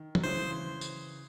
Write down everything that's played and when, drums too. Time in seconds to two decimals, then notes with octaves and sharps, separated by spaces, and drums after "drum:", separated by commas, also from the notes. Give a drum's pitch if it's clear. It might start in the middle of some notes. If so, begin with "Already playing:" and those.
Already playing: D#3
0.15 F#3, drum: tom
0.24 C#3 E3 C5
0.81 drum: tambourine